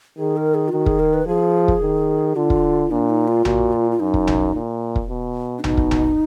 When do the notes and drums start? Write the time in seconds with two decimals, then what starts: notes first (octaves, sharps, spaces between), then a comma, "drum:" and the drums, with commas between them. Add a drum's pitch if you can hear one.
0.18 D#3 G#4
0.37 A#4
0.55 G#4
0.68 F4
0.72 D#3 F#4
0.86 G#4, drum: kick
0.99 A#4
1.14 B4
1.27 F3 G#4
1.68 drum: kick
1.82 D#3
2.36 D3 F4
2.50 drum: kick
2.91 A#2 D4
3.10 D#4
3.28 F4
3.45 A#2 F#4, drum: tom A#1
3.73 F4
3.91 F4
4.00 F#2 D#4
4.14 drum: kick
4.27 drum: tom A#1
4.54 A#2
4.96 drum: kick
5.09 B2
5.59 D4
5.64 B2 D#4, drum: tom A#1
5.77 drum: kick
5.91 drum: tom A#1